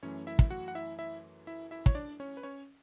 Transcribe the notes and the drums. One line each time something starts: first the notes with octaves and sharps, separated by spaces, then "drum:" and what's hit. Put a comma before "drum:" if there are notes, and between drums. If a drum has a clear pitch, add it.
F#2 E3 A3 C#4 C#5
E4 E5
drum: kick
F#4 F#5
F#5
E4 E5
E4 E5
E4 E5
E4 E5
C#5, drum: kick
D4 D5
C#4 C#5
B4
C#4 C#5